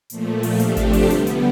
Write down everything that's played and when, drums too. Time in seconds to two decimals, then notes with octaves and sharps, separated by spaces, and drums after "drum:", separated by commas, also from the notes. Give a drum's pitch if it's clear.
0.10 A#2 F3 A3, drum: hi-hat
0.43 drum: open hi-hat
0.60 C3 F3 A3 D4 G4, drum: hi-hat
0.77 drum: kick G#1, hi-hat
0.93 drum: open hi-hat
1.10 D3 G3 B3, drum: hi-hat
1.27 drum: hi-hat